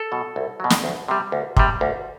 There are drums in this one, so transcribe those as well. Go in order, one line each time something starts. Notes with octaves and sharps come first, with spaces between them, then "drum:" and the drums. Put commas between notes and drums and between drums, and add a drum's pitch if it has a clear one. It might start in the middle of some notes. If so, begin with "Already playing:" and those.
Already playing: A4
B2 F#3
C2
B2 F#3
drum: snare
D2
C3 G3
D2
C3 G3, drum: kick
D2